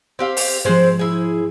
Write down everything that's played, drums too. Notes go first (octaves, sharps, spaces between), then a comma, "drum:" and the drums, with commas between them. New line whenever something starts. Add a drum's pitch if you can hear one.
C4 G4 F5
drum: open hi-hat
G#2 F3 G#3 C4 C5
E4 G#4